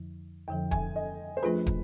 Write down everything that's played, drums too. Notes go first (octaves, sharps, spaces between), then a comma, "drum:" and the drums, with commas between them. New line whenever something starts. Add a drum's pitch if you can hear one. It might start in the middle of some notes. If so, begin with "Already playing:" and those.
Already playing: F2 D3 F3
F2 D3 F3 G5
G#5, drum: kick, hi-hat
D#5
C5
F3 A3 D4 F4 G#4 B4
drum: kick, hi-hat